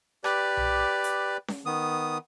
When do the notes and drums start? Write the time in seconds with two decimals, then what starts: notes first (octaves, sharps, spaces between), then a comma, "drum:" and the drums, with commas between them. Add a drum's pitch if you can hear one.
0.24 G4 B4 D5, drum: rim click
0.57 drum: tom B1
1.04 drum: hi-hat
1.48 drum: snare C#4
1.66 D#3 B3 D#6